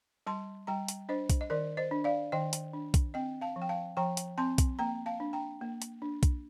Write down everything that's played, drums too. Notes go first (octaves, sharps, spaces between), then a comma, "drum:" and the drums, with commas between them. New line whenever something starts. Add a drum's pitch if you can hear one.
G3 A5 C6
G3 G5 A#5
drum: hi-hat
D4 C5 D#5
drum: kick B1, hi-hat
D#5
D#3 A#4 D5
C5 D#5
D4
D5 F5
D#3 D#5 G5
drum: hi-hat
D4
drum: kick B1, hi-hat
C4 D#5 G5
F5 A5
F3
G5
F5 A5
F3 G5 A#5
drum: hi-hat
C4 A5 C6
drum: kick B1, hi-hat
A#3 G5 A#5
F5 A5
D4
G5 A#5
A#3
drum: hi-hat
D4
drum: kick B1, hi-hat